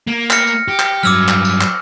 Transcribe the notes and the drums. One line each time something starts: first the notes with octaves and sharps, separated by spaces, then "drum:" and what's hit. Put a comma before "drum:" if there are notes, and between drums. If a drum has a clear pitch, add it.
A#3
F6 A#6 C#7, drum: clap
drum: tambourine
G4
drum: clap
G2 F#3 D6 E6 F6
drum: clap
drum: tambourine
drum: clap